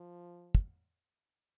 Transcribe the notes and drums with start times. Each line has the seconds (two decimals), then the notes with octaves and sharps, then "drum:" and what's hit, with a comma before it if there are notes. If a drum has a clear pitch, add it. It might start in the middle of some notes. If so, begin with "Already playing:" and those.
Already playing: F3
0.55 drum: kick